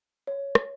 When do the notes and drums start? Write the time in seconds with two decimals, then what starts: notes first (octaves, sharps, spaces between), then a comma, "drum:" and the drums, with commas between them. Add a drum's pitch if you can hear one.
0.27 C#5
0.55 drum: rim click